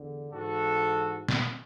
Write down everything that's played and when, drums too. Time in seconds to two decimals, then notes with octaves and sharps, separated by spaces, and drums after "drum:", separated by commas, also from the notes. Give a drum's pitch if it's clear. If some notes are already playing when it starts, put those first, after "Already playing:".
Already playing: E2 D3
0.32 G#2 E3 F#4 A4
1.29 drum: snare